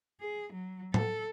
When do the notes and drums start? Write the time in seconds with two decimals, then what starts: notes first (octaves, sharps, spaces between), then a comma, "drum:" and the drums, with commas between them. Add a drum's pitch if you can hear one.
0.20 G#4
0.53 F#3
0.94 A4, drum: tom